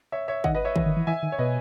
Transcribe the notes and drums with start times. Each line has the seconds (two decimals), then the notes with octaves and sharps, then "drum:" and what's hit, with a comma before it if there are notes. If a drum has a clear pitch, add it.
0.12 C#5 E5
0.28 C#5 E5
0.44 D#3 D#5 F#5, drum: kick
0.55 B4 D#5
0.65 C#5 E5
0.76 E3, drum: kick
0.86 D#3
0.97 E3
1.07 E3 E5 G#5
1.23 D#3
1.32 C#5
1.38 B2 B4 D#5